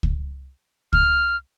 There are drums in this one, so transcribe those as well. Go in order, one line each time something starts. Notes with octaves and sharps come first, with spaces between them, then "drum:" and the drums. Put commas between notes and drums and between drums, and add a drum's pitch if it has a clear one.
drum: kick C#2
F6, drum: kick C#2